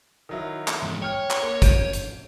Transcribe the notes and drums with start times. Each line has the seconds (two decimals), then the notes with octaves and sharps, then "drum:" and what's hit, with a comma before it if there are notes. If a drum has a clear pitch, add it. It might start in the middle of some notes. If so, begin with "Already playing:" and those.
0.29 D#3 F#3 E4
0.68 drum: clap
0.83 E2 G#2
1.02 C#5 G5 F6
1.31 drum: clap
1.43 A#3
1.62 G6 D7 D#7, drum: kick, hi-hat
1.93 drum: hi-hat